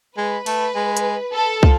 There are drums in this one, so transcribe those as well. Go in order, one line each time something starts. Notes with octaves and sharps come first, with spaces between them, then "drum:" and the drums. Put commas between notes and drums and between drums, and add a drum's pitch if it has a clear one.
G#3 B4
A3, drum: cymbal
G#3
drum: hi-hat
A4
F3, drum: kick